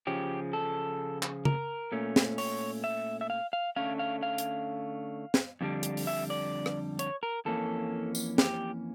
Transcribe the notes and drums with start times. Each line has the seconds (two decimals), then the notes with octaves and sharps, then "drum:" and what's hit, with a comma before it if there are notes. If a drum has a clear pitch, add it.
0.07 C#3 F3 C#4 G4
0.53 A4
1.22 drum: clap
1.45 A#4, drum: tom C#3
1.92 A#2 A3 C#4
2.16 drum: snare
2.38 C#5, drum: open hi-hat
2.84 E5
3.21 E5
3.30 F5
3.53 F5
3.76 D3 A3 C#4 F5
3.99 F5
4.23 F5
4.38 drum: hi-hat
5.34 drum: snare
5.61 F2 D3 G3 D4
5.83 drum: hi-hat
5.97 drum: open hi-hat
6.07 E5
6.30 D5
6.66 drum: rim click
6.99 C#5, drum: hi-hat
7.23 A#4
7.45 F2 E3 A#3 C#4 A4
8.15 drum: tambourine
8.38 G4, drum: snare